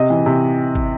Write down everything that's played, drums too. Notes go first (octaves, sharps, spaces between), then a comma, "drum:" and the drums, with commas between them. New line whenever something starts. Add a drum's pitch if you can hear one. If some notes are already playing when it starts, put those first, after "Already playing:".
Already playing: C3 D#5
E3
C3
drum: kick